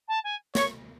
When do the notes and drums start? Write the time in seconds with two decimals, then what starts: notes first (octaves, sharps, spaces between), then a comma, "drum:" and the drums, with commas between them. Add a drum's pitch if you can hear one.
0.08 A5
0.24 G#5
0.55 C#5 C#6, drum: snare